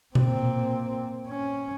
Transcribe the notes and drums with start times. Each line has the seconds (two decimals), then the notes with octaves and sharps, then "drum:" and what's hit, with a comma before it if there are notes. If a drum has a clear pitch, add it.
0.15 A#2 C4, drum: tom B2
1.28 C#4